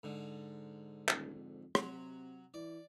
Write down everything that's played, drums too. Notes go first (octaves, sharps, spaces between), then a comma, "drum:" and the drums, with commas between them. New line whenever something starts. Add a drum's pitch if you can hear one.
G#2 D3
D#1, drum: clap
F2
C3 F#3, drum: rim click
E3 D5